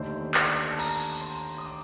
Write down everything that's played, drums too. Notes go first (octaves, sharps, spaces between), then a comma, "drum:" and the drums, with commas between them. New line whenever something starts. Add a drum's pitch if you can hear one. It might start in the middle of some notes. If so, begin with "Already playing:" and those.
Already playing: D#2 D3 A3 D#4 C5
D5, drum: clap
A5
A#5, drum: cymbal
C6
D#6
D6